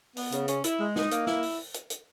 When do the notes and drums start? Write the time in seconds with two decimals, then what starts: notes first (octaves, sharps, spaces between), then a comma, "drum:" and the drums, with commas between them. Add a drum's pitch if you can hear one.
0.17 B3, drum: open hi-hat
0.32 C#3, drum: hi-hat
0.48 C#4, drum: hi-hat
0.64 E4, drum: hi-hat
0.79 G#3
0.96 D#4, drum: snare
1.11 A#3, drum: hi-hat
1.27 E4, drum: snare
1.43 drum: open hi-hat
1.74 drum: hi-hat
1.90 drum: hi-hat